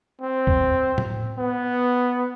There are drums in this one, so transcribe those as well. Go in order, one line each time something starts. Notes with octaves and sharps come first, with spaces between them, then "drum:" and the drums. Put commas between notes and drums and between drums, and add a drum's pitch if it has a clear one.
C4
drum: kick
drum: tom A2
B3